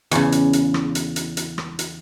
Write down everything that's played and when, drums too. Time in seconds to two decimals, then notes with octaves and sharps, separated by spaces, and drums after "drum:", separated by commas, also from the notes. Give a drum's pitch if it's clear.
0.11 E2 C#3, drum: hi-hat
0.32 drum: hi-hat
0.53 drum: hi-hat
0.74 drum: rim click
0.95 drum: hi-hat
1.16 drum: hi-hat
1.37 drum: hi-hat
1.58 drum: rim click
1.79 drum: hi-hat